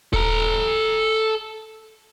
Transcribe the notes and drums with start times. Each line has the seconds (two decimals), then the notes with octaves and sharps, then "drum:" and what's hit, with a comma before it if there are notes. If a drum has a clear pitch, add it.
0.13 A4 A#5, drum: kick D#1